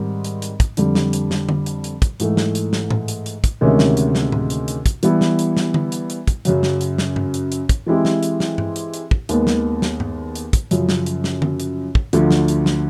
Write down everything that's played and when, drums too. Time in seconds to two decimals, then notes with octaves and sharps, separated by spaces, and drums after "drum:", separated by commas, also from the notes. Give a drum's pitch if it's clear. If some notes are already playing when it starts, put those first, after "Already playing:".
Already playing: G#2 D#3 G3 C4
0.24 drum: hi-hat
0.42 drum: hi-hat
0.60 drum: kick, hi-hat
0.77 F2 D3 G3, drum: hi-hat
0.95 drum: snare
1.13 drum: hi-hat
1.31 drum: snare
1.49 drum: tom D3
1.66 drum: hi-hat
1.84 drum: hi-hat
2.02 drum: kick, hi-hat
2.20 G#2 E3 A3, drum: hi-hat
2.37 drum: snare
2.55 drum: hi-hat
2.73 drum: snare
2.91 drum: tom A2
3.08 drum: hi-hat
3.26 drum: hi-hat
3.44 drum: kick, hi-hat
3.61 D2 C3 D#3 G#3 C#4
3.79 drum: snare
3.97 drum: hi-hat
4.15 drum: snare
4.32 drum: tom A2
4.50 drum: hi-hat
4.68 drum: hi-hat
4.86 drum: kick, hi-hat
5.03 E3 G3 B3 E4, drum: hi-hat
5.21 drum: snare
5.39 drum: hi-hat
5.57 drum: snare
5.74 drum: tom D3
5.92 drum: hi-hat
6.10 drum: hi-hat
6.28 drum: kick, hi-hat
6.45 F#2 C#3 F#3, drum: hi-hat
6.63 drum: snare
6.81 drum: hi-hat
6.98 drum: snare
7.16 drum: tom G2
7.34 drum: hi-hat
7.52 drum: hi-hat
7.69 drum: kick, hi-hat
7.87 E3 G#3 C4 E4 G4
8.05 drum: snare
8.23 drum: hi-hat
8.40 drum: snare
8.58 drum: tom G2
8.76 drum: hi-hat
8.94 drum: hi-hat
9.11 drum: kick
9.29 D#2 D#3 G#3 B3, drum: hi-hat
9.47 drum: snare
9.82 drum: snare
10.00 drum: tom G2
10.35 drum: hi-hat
10.53 drum: kick, hi-hat
10.71 F#2 C#3 F3, drum: hi-hat
10.89 drum: snare
11.06 drum: hi-hat
11.24 drum: snare
11.42 drum: tom D3
11.60 drum: hi-hat
11.95 drum: kick
12.13 D2 D3 F3, drum: hi-hat
12.31 drum: snare
12.48 drum: hi-hat
12.66 drum: snare